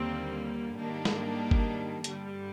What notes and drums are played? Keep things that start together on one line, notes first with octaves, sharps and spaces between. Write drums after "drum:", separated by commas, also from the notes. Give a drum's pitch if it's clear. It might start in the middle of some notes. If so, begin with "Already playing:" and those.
Already playing: D#2 D3 G3 A#3 C4
G#2 D#3 G3 A#3 D4
drum: snare
drum: kick
G2 D3 G3, drum: hi-hat